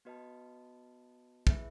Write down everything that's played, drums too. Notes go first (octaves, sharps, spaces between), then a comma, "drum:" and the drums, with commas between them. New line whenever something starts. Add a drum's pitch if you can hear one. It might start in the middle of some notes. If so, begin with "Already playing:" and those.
B3 F#4 B4 D#5 A5
E4 G#4 B4 E5, drum: kick